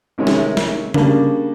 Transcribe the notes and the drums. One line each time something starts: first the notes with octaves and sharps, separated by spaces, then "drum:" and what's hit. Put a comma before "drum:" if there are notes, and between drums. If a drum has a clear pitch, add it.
A1 C3 D#3 G#3 C#5
drum: snare
drum: snare
C#3 G3 A#3 D4, drum: tom C#3